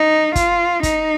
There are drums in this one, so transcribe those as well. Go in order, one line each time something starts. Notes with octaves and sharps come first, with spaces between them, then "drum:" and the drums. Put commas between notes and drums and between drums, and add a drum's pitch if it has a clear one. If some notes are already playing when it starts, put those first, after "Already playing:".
Already playing: D#4
F4, drum: kick, hi-hat
D#4, drum: kick, hi-hat